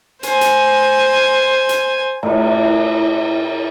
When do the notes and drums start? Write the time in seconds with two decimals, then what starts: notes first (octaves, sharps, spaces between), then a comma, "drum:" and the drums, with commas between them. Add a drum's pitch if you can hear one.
0.23 C5 G#5, drum: hi-hat
0.41 drum: hi-hat
1.69 drum: hi-hat
2.23 A2, drum: cymbal